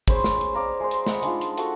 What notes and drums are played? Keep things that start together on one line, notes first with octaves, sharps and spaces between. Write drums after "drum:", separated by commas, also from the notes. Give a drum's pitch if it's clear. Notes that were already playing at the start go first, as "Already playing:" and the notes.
C#4 G#4 C5 B5, drum: kick, open hi-hat
drum: snare
drum: hi-hat
D5 F5 A#5
G#3 C5
drum: hi-hat
D#5 F#5 B5 C6, drum: snare
G#3 D4 D#4 F4, drum: hi-hat
drum: hi-hat
F#4 A4 F#5, drum: hi-hat